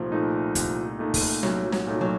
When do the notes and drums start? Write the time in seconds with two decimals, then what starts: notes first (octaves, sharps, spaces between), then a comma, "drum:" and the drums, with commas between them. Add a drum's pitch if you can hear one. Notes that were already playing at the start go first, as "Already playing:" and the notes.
Already playing: C2 A#2 F3 A3 D#4
0.12 A#2 A3 D#4
0.55 C2, drum: kick, hi-hat
0.99 A#2 A3 D#4
1.14 drum: kick, open hi-hat
1.43 C2 F#3, drum: snare
1.72 F#3, drum: snare
1.87 A#2 A3 D#4
2.01 F#3